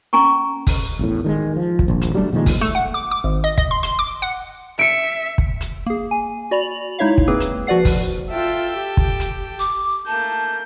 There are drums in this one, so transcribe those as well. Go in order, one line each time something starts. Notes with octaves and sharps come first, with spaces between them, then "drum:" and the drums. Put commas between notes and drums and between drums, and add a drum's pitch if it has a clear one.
C#4 G#5 A#5 C#6
drum: kick, open hi-hat
A1 E2 A2
D#3 G3 G#3
F3
drum: kick
D#1 A#1
drum: hi-hat
F#3 G3 A3 D4
A#2 D#3 F3 G#3
drum: kick, open hi-hat
A3
F#5
D6
D6
G#1
D#5
D#5, drum: kick
C6
C6, drum: hi-hat
D6
F#5
E5 C#7 D7
drum: kick
drum: hi-hat
A#3 G#4
G#5
F#4 D5 B5 F7 F#7
G#3 D#4 E4 C#5 E5 F5
drum: kick
A#3 C4 G#4 B4
drum: hi-hat
F3 F#4 B4 D5 F#5 C7
drum: kick, open hi-hat
F4 A4 E5 G5
G4
drum: kick
drum: hi-hat
D6
A3 A#3 A5 G6